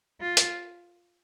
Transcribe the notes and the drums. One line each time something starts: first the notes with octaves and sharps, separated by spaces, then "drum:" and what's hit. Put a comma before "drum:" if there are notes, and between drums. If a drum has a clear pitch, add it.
F4
drum: hi-hat